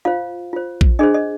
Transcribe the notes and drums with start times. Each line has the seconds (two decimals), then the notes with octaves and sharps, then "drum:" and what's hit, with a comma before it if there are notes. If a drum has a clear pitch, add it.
0.05 F4 C5 F5
0.53 F4 C5
0.81 drum: kick A#1
0.99 D4 G#4 C5 D#5
1.14 D#5